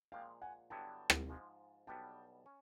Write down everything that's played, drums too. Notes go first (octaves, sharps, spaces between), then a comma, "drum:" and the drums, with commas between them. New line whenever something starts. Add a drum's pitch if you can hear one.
A#2 F3 G#3 F5 G5
F#5 G#5
G2 D3 F#3 B3 E4 G5 A5
drum: rim click
G#2 F3 G#3
B1 B2 G3 B3 D4 G5 A5
C#4